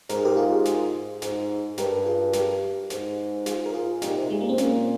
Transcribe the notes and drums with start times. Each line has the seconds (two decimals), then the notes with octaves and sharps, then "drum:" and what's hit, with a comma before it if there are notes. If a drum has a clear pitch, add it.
0.09 G#2 A#4, drum: snare
0.17 G#4
0.25 G4 A#4
0.37 F4 G#4
0.65 drum: snare
1.22 G#2, drum: snare
1.78 G2 G4 A#4, drum: snare
2.05 F4 G#4
2.33 G4 A#4, drum: snare
2.90 G#2, drum: snare
3.46 F4 G#4, drum: snare
3.66 A#4
3.74 F4 G#4
4.02 A#2 D#4 G4, drum: snare
4.15 C3
4.26 A#2 G#3
4.41 A#3
4.49 C4
4.58 A#2 A#3 C#4, drum: snare